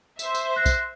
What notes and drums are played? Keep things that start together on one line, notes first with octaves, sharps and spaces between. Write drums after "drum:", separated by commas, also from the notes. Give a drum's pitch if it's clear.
C5 E5, drum: tambourine
drum: tambourine
F#6 A#6 C7
drum: kick B1, tambourine